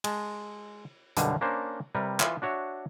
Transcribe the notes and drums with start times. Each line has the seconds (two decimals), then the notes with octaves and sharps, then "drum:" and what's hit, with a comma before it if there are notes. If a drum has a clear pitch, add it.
0.04 G#3 A5, drum: cymbal
1.17 B1 F#2 B2 D3 G3 F5, drum: hi-hat
1.41 A#3 C#4 D4 A#4 C5
1.95 C3 G3 G4 A#4 B4
2.20 E3 F4 E5, drum: clap
2.42 D4 F#4 C#5 E5